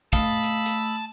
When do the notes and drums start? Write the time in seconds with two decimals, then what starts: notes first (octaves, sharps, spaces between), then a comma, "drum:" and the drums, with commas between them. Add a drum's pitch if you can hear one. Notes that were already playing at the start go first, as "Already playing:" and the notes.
0.13 A3 F5 A5 B5 D#6 E6, drum: kick
0.44 drum: hi-hat
0.66 drum: hi-hat